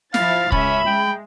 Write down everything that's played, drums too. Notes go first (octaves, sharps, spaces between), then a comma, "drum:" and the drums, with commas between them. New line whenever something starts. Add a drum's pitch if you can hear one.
F3 E4 F5 A6, drum: snare
C#2 C#4 E5 B5, drum: kick
G#3 G5